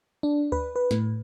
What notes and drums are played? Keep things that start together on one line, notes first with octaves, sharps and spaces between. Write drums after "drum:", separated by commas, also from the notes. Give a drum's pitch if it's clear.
D4
B4, drum: kick D2
B4
A2, drum: snare